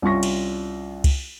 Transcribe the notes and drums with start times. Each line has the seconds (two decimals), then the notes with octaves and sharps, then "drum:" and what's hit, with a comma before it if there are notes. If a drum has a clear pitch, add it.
0.02 C2 C#4 F4 C#6 A#6
0.23 drum: cymbal
1.04 drum: kick, cymbal